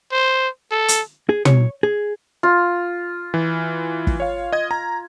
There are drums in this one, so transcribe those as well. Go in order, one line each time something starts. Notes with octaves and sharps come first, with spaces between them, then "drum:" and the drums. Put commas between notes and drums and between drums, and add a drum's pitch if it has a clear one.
C5
A4
drum: hi-hat
G#4
C#5, drum: tom
G#4
F4
E3
drum: kick
C#5 F5
D#5 G#6
A#5